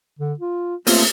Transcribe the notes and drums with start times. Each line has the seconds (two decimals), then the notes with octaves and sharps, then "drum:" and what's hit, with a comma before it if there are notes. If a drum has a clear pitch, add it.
0.19 D3
0.40 F4
0.87 A3 A#3 C4 C#4 F4, drum: open hi-hat